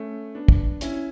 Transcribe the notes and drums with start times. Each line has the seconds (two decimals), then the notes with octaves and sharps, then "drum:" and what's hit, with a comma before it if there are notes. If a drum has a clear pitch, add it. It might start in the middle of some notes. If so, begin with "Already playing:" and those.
Already playing: A3 C#4
0.35 B3 D4
0.48 drum: kick
0.81 C#4 E4, drum: hi-hat